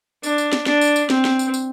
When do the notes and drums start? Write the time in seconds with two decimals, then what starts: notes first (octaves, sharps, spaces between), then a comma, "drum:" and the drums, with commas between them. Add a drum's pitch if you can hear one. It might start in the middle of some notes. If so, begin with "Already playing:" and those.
0.23 D4, drum: tambourine
0.38 drum: tambourine
0.53 drum: snare
0.66 D4, drum: snare
0.81 drum: tambourine
0.96 drum: tambourine
1.10 C4, drum: snare
1.25 drum: snare
1.39 drum: tambourine
1.54 drum: tambourine